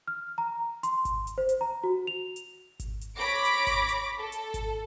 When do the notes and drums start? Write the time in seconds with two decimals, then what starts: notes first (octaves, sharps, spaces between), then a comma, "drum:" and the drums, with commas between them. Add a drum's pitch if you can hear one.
0.08 F6
0.38 A#5
0.83 C6, drum: hi-hat
1.05 drum: kick G#1, hi-hat
1.27 drum: hi-hat
1.38 C5
1.49 drum: hi-hat
1.61 A#5
1.84 F#4
2.07 F7
2.36 drum: hi-hat
2.80 drum: kick G#1, hi-hat
3.01 drum: hi-hat
3.16 C#5 B5 D6 A#6 D7
3.45 drum: hi-hat
3.67 drum: kick G#1, hi-hat
3.89 drum: hi-hat
4.18 A4
4.32 drum: hi-hat
4.54 drum: kick G#1, hi-hat